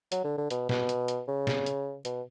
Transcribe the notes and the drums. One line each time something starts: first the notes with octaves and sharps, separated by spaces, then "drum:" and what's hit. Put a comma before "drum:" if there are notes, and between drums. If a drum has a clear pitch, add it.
F#3, drum: hi-hat
D3
D3
B2, drum: hi-hat
B2, drum: snare
drum: hi-hat
drum: hi-hat
C#3
drum: snare
drum: hi-hat
B2, drum: hi-hat